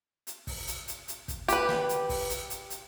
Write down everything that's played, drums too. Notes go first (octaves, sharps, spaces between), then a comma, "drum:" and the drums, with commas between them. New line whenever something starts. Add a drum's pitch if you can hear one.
drum: hi-hat
drum: kick, open hi-hat
drum: hi-hat
drum: hi-hat
drum: hi-hat
drum: kick, hi-hat
G4 B4, drum: hi-hat
drum: snare
drum: hi-hat
drum: kick, open hi-hat
drum: hi-hat
drum: hi-hat
drum: hi-hat